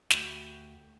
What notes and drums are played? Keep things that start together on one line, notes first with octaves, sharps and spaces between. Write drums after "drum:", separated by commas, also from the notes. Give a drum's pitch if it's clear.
D2 F#4 G4 B5, drum: snare